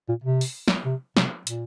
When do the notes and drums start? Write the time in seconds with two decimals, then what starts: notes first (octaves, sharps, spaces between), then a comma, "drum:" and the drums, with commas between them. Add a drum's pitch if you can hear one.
0.09 A#2
0.24 C3
0.41 drum: open hi-hat
0.68 drum: snare
0.85 C3
1.17 C3, drum: snare
1.47 A#2, drum: hi-hat